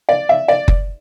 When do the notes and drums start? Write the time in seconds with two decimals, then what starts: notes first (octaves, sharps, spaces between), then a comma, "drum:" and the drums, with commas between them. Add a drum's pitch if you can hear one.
0.09 D5
0.29 E5
0.48 D5
0.68 drum: kick F#1